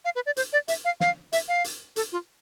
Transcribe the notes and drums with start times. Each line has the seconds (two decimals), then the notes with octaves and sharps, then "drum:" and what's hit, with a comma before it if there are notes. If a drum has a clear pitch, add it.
0.05 F5
0.15 B4
0.26 D5
0.37 C5, drum: hi-hat
0.53 D5
0.68 E5, drum: hi-hat
0.85 F5
1.00 F5, drum: snare
1.32 E5, drum: hi-hat
1.48 F5
1.64 drum: hi-hat
1.96 A4, drum: hi-hat
2.12 F4